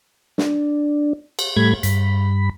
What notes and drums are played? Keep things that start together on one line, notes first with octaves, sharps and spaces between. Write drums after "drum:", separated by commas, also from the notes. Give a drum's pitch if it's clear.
D4, drum: snare
drum: cymbal
A2 G3 A3 B5 G#6
G2 B5, drum: hi-hat